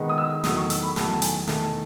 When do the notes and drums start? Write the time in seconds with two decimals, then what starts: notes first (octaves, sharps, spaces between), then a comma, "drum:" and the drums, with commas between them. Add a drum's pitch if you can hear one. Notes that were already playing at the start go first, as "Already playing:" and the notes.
Already playing: D#3 G#3 B3 D#4
0.09 D#6
0.18 E6
0.44 E2 D#3 F#3 A3 D#6, drum: snare
0.57 C#6
0.70 E6, drum: hi-hat
0.83 B5
0.96 E2 D#3 F#3 A3 A5, drum: snare
1.22 G#5, drum: hi-hat
1.47 E2 D#3 A3 A5, drum: snare